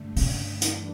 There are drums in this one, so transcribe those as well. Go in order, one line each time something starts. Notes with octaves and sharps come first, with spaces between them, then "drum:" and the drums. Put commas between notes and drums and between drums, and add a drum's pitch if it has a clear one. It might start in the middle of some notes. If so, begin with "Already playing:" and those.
Already playing: G2 D3 A3
C#3, drum: open hi-hat
G2 E3 G3 D4, drum: hi-hat